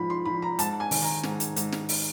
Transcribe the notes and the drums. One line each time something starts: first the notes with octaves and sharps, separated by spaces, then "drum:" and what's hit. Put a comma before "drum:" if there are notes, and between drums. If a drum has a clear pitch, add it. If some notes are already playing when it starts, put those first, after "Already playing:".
Already playing: G#2 F3 B5
C6
F3 B5
A#5
G#2 A5, drum: hi-hat
G#5
D#3, drum: open hi-hat
A#5
G#2, drum: snare
drum: hi-hat
G#2, drum: hi-hat
drum: snare
drum: open hi-hat